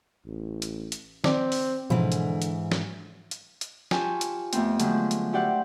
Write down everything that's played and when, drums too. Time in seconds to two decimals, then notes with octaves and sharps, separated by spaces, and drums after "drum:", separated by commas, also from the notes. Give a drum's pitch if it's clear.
0.26 A1
0.62 drum: hi-hat
0.92 drum: hi-hat
1.24 D#3 C4 D5 D6, drum: snare
1.52 drum: open hi-hat
1.90 G#2 B2 D3 E3 F3
2.12 drum: hi-hat
2.42 drum: hi-hat
2.72 drum: snare
3.31 drum: hi-hat
3.61 drum: hi-hat
3.91 F4 G4 C#5 G#5 A5, drum: snare
4.21 drum: hi-hat
4.53 F2 A3 B3 C4, drum: hi-hat
4.80 D3 F3 F#3 G#3 A3, drum: hi-hat
5.11 drum: hi-hat
5.33 E4 F#4 G4 C5 D5 F#5